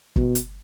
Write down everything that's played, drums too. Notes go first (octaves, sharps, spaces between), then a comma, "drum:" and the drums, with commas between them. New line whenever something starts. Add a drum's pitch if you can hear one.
B2, drum: kick
drum: hi-hat